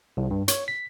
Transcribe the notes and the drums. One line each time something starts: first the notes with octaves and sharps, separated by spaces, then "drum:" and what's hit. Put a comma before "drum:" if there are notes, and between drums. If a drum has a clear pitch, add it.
C2
G2
C#5, drum: hi-hat
B6